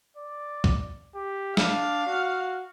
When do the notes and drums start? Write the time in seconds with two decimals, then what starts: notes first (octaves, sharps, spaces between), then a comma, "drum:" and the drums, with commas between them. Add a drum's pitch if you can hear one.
0.17 D5
0.64 drum: kick
1.15 G4
1.57 D4 F5, drum: snare
2.07 F#4